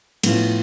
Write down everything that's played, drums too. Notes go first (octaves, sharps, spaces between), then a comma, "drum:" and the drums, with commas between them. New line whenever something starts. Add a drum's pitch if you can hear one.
A2 F3 B3 F4, drum: cymbal